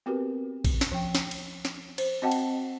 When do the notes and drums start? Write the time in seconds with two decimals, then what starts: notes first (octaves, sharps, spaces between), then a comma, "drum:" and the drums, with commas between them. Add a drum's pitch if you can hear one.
0.06 B3 C4 F#4 G4 A#4 B4
0.64 drum: kick, cymbal
0.81 drum: snare
0.92 F3 G5
1.15 drum: snare
1.31 drum: cymbal
1.65 drum: snare
1.98 C5, drum: cymbal
2.22 C4 F#4 D#5 F#5 G5 A5
2.31 drum: cymbal